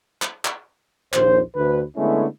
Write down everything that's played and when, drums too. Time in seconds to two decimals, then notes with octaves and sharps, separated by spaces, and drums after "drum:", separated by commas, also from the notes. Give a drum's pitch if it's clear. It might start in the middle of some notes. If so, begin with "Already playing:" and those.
0.22 drum: clap
0.45 drum: clap
1.13 A#1 D#2 C5, drum: clap
1.55 D2 B4
1.96 D3 G#3 A3 B3 C#4 E4